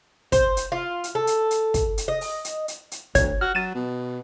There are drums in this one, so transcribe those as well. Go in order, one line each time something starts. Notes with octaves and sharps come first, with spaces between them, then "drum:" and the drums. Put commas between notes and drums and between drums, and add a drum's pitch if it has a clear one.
C5, drum: kick, hi-hat
drum: hi-hat
F4
drum: hi-hat
A4
drum: hi-hat
drum: hi-hat
drum: kick, hi-hat
drum: hi-hat
D#5
drum: open hi-hat
drum: hi-hat
drum: hi-hat
drum: hi-hat
G#1 D2 C#5 G#6, drum: kick, hi-hat
F#4 F6
F#3 A6 D#7 E7
B2